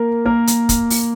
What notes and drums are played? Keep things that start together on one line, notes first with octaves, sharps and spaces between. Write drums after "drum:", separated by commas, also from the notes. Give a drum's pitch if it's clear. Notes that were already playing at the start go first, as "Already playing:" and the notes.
Already playing: A#3 A#4
A#3 A#4
drum: hi-hat
drum: kick, hi-hat
drum: open hi-hat